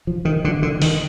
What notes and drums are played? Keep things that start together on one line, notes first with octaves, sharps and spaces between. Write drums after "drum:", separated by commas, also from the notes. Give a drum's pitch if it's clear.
F3
D#3
D3
D3
D#3, drum: open hi-hat